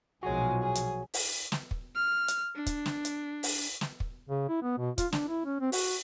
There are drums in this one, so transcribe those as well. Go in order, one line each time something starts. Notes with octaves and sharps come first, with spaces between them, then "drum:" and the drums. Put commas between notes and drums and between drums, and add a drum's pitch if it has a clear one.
B1 A#2 F3 G#3 F#4 G#4 C#5
G#4
drum: hi-hat
drum: open hi-hat
drum: snare
drum: kick
F6
drum: hi-hat
D4
drum: kick, hi-hat
drum: snare
drum: hi-hat
drum: open hi-hat
drum: snare
drum: kick
C#3
E4
B3
B2
F4, drum: kick, hi-hat
D4, drum: snare
E4
C#4
C4
F#4, drum: open hi-hat